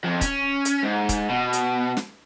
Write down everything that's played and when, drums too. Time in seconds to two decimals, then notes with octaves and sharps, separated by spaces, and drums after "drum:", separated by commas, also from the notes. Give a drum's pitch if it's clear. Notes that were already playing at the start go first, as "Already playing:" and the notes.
0.04 F2
0.21 C#4, drum: kick, hi-hat
0.65 drum: hi-hat
0.83 G#2
1.09 drum: kick, hi-hat
1.29 B2
1.53 drum: hi-hat
1.97 drum: snare